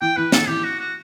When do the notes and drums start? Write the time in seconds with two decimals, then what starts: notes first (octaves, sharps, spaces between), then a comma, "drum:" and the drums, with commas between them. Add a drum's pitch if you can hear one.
0.01 E3 G5
0.17 E3 B4
0.32 D#3 A4, drum: snare
0.48 E3 G4
0.63 F#4
0.79 F#4